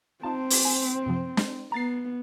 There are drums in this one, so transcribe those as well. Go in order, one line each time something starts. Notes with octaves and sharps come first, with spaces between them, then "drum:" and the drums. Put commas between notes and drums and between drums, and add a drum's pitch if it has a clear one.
C4 D#4 F4 A5
drum: open hi-hat
G#5
F#2 C3 F3
G#3 D4, drum: snare
B3 A#5 A6 C7